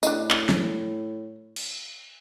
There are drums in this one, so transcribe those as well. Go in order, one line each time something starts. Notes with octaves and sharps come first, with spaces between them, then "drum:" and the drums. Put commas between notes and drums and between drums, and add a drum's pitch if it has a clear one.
A2 D4 D#5, drum: tambourine
drum: clap
drum: snare
drum: cymbal